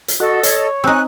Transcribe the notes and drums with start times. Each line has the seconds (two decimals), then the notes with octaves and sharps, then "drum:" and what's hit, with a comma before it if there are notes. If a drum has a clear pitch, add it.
0.08 drum: hi-hat
0.20 F#4 A4 D#5
0.43 C#5, drum: hi-hat
0.84 C4 D#4 G#5 F#6